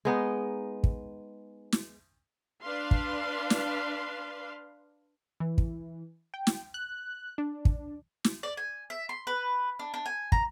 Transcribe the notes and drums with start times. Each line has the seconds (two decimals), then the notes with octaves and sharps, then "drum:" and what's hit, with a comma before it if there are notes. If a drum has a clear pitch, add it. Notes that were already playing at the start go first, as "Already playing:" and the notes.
0.05 G#3 B3 D#4
0.84 drum: kick
1.72 drum: snare
2.62 D4 B4 F5 C6
2.91 drum: kick
3.50 drum: snare
5.40 E3
5.58 drum: kick
6.34 G5
6.47 drum: snare
6.74 F#6
7.38 D4
7.65 drum: kick
8.24 drum: snare
8.43 D5
8.57 G#5
8.90 E5
9.09 C6
9.27 B4
9.79 D4
9.94 D4
10.06 G#5
10.32 A#5, drum: kick